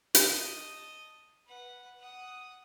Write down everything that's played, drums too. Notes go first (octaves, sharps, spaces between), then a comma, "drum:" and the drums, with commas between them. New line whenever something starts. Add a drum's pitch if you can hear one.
D#5 A5, drum: hi-hat
B4 F#5
F#5 D#6